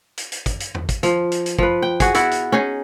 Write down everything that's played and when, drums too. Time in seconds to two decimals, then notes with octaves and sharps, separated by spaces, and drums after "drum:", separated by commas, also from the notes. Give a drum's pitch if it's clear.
0.17 drum: hi-hat
0.32 drum: hi-hat
0.46 drum: kick, hi-hat
0.60 drum: hi-hat
0.75 drum: tom E2
0.89 drum: kick, hi-hat
1.03 F3, drum: hi-hat
1.32 drum: hi-hat
1.46 drum: hi-hat
1.59 F3 B4, drum: kick
1.82 G5
2.00 F#4 G#4, drum: kick, hi-hat
2.14 B3 E4 F#4, drum: hi-hat
2.31 drum: hi-hat
2.52 C#4 D#4 G#4